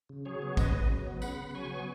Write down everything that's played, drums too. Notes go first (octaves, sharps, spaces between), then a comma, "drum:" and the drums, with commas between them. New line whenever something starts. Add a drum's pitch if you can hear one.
C#3
F#3 G#4 C#5
B3
C#3 B4 D#5, drum: kick, tambourine
C#3
F#3
B3
C#3 F#5 B5, drum: tambourine
C#3
F#3 G#5 C#6
B3